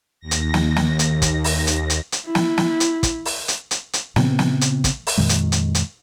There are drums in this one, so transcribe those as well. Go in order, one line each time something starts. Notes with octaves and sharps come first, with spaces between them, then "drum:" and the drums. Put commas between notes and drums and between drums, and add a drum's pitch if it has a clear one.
D#2 A#6
drum: hi-hat
drum: snare
drum: snare
drum: hi-hat
drum: kick, hi-hat
drum: open hi-hat
drum: hi-hat
drum: hi-hat
drum: hi-hat
E4
drum: snare
drum: snare
drum: hi-hat
drum: kick, hi-hat
drum: open hi-hat
drum: hi-hat
drum: hi-hat
drum: hi-hat
A#2 C#3 B3 C4, drum: snare
drum: snare
drum: hi-hat
drum: kick, hi-hat
drum: open hi-hat
F2 A#2 D#3 G#3
drum: hi-hat
drum: hi-hat
drum: hi-hat